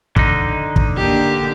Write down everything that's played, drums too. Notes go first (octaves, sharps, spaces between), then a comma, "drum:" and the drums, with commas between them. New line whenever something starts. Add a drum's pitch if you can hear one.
D3 D#4, drum: kick
drum: kick
A#3 D4 G4